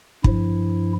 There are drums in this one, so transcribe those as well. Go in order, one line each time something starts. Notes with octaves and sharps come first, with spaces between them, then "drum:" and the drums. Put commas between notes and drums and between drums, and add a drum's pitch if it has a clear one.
G2 F3 E4, drum: kick